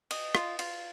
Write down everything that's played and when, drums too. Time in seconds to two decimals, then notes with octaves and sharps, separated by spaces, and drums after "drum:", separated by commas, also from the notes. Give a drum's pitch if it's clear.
0.11 D#5, drum: cymbal
0.35 F4, drum: rim click
0.59 F4, drum: cymbal